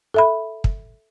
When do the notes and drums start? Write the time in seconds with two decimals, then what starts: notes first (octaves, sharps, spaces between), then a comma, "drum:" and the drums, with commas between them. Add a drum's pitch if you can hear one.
0.14 A4 E5 B5
0.64 drum: kick